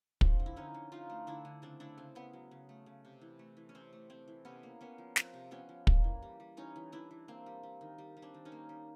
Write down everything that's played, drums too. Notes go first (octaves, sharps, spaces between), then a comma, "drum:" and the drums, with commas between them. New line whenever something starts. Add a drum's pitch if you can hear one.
F3 C4 D4, drum: kick
D3
E4
D3 C#4 D#4
D3
F3 D#4 F4
A3
D3 D4 E4
D3
C#3 C4 D4
A3 D4 E4
C#3 C4
C#3 B3
F#3
C#3
A3
C#3
C3
E3
A3
E3
C#4
C3 C4
A3
A3 C4
E3
C3 B3 C#4
A#3
A#3 B3 C#4
F3
F3 C4, drum: snare
C3
F3 B3 C#4
F3
A#3, drum: kick
E3
G3
G3
E3 C#4 D#4
E3
E3 D4 E4
E3
A#3 C4
G3
G3
D#3
G3
G3
C4 D4
D#3
C#4 D#4
A#3
G3